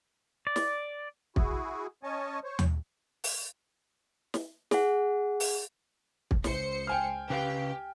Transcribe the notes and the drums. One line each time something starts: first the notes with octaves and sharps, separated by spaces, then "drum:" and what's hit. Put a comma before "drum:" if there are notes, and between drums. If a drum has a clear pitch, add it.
D5
drum: snare
E4 F#4 G#4, drum: kick
C#4 C#5 D#5 G#5 A5
C5 C#5
drum: tom D#2
drum: open hi-hat
drum: snare
G#4 F#5, drum: snare
drum: open hi-hat
drum: kick
C#2 C5 C#7, drum: snare
G5 G#5 F6
C#3 G4 B4 F5